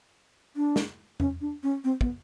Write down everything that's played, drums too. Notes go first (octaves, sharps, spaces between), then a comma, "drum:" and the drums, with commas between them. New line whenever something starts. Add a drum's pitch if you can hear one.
D4
drum: snare
C#4, drum: tom E2
D4
C#4
C4
B3, drum: kick